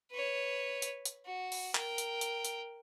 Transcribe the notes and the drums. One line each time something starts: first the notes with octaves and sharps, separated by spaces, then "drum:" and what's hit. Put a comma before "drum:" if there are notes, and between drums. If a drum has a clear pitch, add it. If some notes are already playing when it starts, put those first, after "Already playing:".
B4 C#5
drum: hi-hat
drum: hi-hat
F#4
drum: open hi-hat
A#4 G5, drum: clap
drum: hi-hat
drum: hi-hat
drum: hi-hat